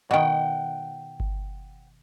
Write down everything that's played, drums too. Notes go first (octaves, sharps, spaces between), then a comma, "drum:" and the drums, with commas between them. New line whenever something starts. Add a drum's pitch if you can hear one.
B2 D#3 F#5 G5
drum: kick G1